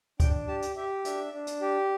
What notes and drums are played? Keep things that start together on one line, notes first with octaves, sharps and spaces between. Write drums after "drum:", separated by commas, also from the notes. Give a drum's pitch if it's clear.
D4 G5, drum: kick C#2, hi-hat
G4 A5
drum: hi-hat
G4 E5
D4 E5, drum: hi-hat
D4
drum: hi-hat
G4